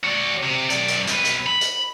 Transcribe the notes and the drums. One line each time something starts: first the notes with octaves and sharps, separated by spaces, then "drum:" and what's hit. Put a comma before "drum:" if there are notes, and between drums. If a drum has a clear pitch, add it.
F#4 D5
C3
F#2 D5, drum: hi-hat
drum: hi-hat
B1 B4, drum: hi-hat
drum: hi-hat
B5
drum: hi-hat